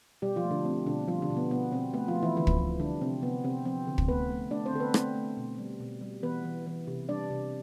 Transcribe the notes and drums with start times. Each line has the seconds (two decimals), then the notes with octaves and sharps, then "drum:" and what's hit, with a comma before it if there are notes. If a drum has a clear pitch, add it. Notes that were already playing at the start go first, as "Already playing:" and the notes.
0.22 B2 G3 G4
0.36 F3 F4
0.44 A3
0.51 D3 D4
0.65 A3 C4
0.86 B2 D3 D4
1.08 F3 G3 F4
1.22 D3 D4
1.30 B2
1.37 B3
1.51 B2 B3
1.72 B2 C4
1.94 A3 B3 B4
2.08 F3 F4
2.15 A3
2.23 E3 E4
2.37 D3 E3 E4
2.47 drum: kick
2.58 F3
2.80 D3 G3 D4
3.01 C3 C4
3.23 C3 B3
3.44 C3 C4
3.65 F3 C4
3.87 D3
3.98 drum: kick
4.08 A3 B3 B4
4.30 A3
4.51 A3 D4 D5
4.66 C4 C5
4.73 D3 A4
4.80 B3 B4
4.94 A3 C4 C5, drum: rim click
5.16 A3
5.37 B2
5.58 G3
5.80 B2
6.01 G3
6.23 E3 B3 B4
6.45 E3
6.66 E3
6.87 C3
7.09 G3 D4 D5
7.30 C3